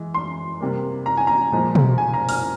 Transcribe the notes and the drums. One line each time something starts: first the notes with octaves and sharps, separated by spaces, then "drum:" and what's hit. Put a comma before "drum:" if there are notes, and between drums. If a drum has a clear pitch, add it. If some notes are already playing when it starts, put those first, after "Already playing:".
Already playing: E3 G#3
C6
C3 G3 A#3
A#5
G#5
A#5
A#2 F3 G#3
drum: tom B2
G#5
A#5
F6, drum: open hi-hat